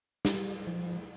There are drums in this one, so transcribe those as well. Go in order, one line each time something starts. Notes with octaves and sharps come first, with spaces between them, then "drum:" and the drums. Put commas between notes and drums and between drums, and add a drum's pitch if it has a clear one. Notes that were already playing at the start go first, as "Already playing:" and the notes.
G3, drum: snare
F3